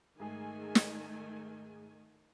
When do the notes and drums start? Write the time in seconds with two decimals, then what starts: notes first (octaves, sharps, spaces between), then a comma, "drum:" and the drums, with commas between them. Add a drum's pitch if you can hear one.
0.20 G#2 D#3 A3 G#4 G#5
0.75 drum: snare